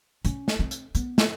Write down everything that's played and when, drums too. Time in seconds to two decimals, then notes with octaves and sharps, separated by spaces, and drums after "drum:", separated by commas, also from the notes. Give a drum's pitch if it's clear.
0.25 C#4, drum: hi-hat
0.48 drum: snare
0.59 C4
0.71 drum: hi-hat
0.95 B3, drum: hi-hat
1.18 drum: snare